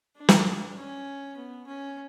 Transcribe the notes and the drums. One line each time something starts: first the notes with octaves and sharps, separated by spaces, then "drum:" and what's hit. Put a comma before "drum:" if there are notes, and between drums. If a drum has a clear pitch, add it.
D4
drum: snare
C#4
B3
C#4